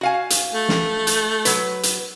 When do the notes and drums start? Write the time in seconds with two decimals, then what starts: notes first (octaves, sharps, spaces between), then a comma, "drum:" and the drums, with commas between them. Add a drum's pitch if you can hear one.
0.01 F#4 F5 G#5
0.30 drum: hi-hat
0.54 A3
0.69 drum: snare
1.07 drum: hi-hat
1.45 F#3 B4, drum: hi-hat
1.83 drum: hi-hat